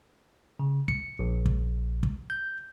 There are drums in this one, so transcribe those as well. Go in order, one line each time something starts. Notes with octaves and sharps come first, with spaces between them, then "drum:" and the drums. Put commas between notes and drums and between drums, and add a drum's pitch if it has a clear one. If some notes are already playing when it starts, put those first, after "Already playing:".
C#3
C#7, drum: kick
A#1
drum: kick
drum: kick
G6